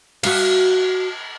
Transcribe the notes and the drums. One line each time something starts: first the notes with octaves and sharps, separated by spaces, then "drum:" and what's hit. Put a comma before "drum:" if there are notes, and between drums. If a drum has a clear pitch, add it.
F#4 E5 F5, drum: cymbal